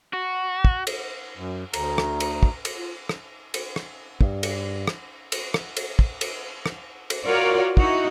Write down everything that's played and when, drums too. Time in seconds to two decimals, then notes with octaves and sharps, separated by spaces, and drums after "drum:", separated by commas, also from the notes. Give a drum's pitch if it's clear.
0.13 F#4
0.65 drum: kick
0.87 drum: cymbal
1.37 F#2
1.74 D2 A#5, drum: cymbal
1.98 drum: rim click
2.20 drum: cymbal
2.43 drum: kick
2.65 drum: cymbal
2.76 F4
3.09 drum: rim click
3.54 drum: cymbal
3.76 drum: rim click
4.21 G2, drum: kick
4.43 drum: cymbal
4.88 drum: rim click
5.32 drum: cymbal
5.54 drum: rim click
5.77 drum: cymbal
5.99 drum: kick
6.21 drum: cymbal
6.66 drum: rim click
7.10 drum: cymbal
7.26 F4 F#4 A#4 C#5 D5
7.77 D#4 E4 F#4, drum: kick